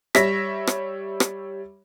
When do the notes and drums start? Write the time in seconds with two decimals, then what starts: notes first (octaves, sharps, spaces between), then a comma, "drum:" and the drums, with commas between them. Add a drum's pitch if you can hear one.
0.15 G3 C#5 E5 A#6 B6, drum: rim click
0.67 drum: rim click
1.20 drum: rim click